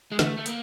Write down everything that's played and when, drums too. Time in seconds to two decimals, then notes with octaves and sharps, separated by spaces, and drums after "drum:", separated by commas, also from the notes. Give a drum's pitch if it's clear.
0.12 G#3
0.19 D3 E3 A3, drum: snare
0.37 A3
0.46 A#3, drum: hi-hat